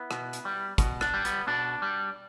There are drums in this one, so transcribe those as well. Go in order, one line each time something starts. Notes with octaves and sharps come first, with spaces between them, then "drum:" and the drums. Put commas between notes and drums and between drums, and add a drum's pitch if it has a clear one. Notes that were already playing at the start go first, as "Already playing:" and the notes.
Already playing: B3 E4
B2, drum: rim click
drum: hi-hat
G3
B2, drum: kick, hi-hat
D4, drum: rim click
G3
B3, drum: hi-hat
B2 D4
G3